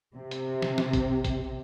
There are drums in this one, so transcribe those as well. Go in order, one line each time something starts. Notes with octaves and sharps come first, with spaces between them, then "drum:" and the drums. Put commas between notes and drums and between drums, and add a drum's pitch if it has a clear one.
C3
drum: hi-hat
drum: snare
drum: snare
drum: kick A1, hi-hat
drum: kick A1, hi-hat